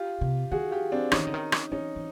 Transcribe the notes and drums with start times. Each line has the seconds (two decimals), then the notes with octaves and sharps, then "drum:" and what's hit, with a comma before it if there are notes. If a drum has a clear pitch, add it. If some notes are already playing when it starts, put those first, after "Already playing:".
Already playing: F4 G4
0.21 C3
0.52 D#3 F#4 G#4
0.71 F4 G4
0.92 C4 D4
1.12 E3 C#4 D#4, drum: rim click
1.19 D#3
1.27 D3
1.34 D#3
1.52 drum: rim click
1.72 E3 C#4 D#4
1.96 E3